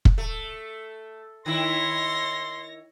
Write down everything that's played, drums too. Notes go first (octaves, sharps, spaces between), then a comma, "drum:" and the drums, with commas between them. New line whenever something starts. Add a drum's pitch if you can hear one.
drum: kick
A3
D#3 E4 C#5 C6 A#6